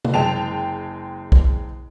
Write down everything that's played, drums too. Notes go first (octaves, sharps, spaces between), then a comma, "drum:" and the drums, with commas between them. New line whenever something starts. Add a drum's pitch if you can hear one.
drum: tom C3
F#1 G#3 G5 A5 F7
drum: kick B1